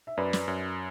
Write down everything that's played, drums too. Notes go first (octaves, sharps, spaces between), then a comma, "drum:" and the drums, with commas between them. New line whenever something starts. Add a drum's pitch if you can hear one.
E5
F#2 B4 D5
drum: snare
F#2